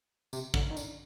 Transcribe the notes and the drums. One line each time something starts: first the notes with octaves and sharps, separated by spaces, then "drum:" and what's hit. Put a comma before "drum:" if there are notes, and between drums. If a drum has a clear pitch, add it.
C3, drum: tambourine
D3, drum: kick
D#3
D3, drum: tambourine